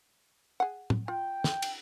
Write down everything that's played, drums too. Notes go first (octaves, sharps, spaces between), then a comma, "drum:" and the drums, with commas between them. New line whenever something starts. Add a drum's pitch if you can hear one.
G#4 F#5
drum: tom
F4 G5
drum: snare
drum: cymbal